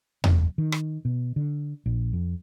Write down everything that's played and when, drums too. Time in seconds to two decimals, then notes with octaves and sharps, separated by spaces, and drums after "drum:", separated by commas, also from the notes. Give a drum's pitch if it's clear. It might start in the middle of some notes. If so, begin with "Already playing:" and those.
0.24 F#1, drum: tom E2
0.58 D#3
0.72 drum: rim click
1.05 B2
1.36 D3
1.86 A#1
2.13 F2